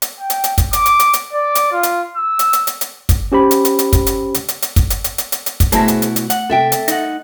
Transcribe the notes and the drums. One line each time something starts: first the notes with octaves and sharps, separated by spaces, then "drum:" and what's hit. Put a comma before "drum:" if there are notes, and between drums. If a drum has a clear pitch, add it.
drum: hi-hat
G5
drum: hi-hat
drum: hi-hat
drum: kick, hi-hat
D6, drum: hi-hat
drum: hi-hat
drum: hi-hat
drum: hi-hat
D5
drum: hi-hat
F4
drum: hi-hat
E6
drum: hi-hat
drum: hi-hat
drum: hi-hat
drum: hi-hat
drum: kick, hi-hat
C#4 G4 C5 B5
drum: hi-hat
drum: hi-hat
drum: hi-hat
drum: kick, hi-hat
drum: hi-hat
drum: hi-hat
drum: hi-hat
drum: hi-hat
drum: kick, hi-hat
drum: hi-hat
drum: hi-hat
drum: hi-hat
drum: hi-hat
drum: hi-hat
drum: kick, hi-hat
B2 A3 E4 G#4 C5 A5 A#6, drum: hi-hat
drum: hi-hat
drum: hi-hat
drum: hi-hat
F#5, drum: hi-hat
C3 A4 E5 G5
drum: hi-hat
D#4 F#5 A#6, drum: hi-hat